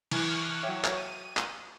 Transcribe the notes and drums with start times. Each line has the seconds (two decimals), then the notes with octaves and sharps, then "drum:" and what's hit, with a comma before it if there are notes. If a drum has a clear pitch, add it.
0.11 E3 C#6 F6 F#6, drum: cymbal
0.63 F#3 C#5 E5 G5
0.84 drum: clap
0.96 D#7
1.37 drum: clap